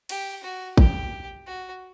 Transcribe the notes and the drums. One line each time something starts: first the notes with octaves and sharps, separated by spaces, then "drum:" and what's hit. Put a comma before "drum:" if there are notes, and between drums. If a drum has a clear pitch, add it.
G4, drum: cymbal
F#4
G4, drum: kick A1
F#4